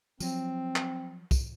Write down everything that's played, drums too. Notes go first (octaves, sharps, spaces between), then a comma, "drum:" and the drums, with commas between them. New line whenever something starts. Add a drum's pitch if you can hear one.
F3 F#3 C4, drum: tambourine
drum: clap
drum: kick, tambourine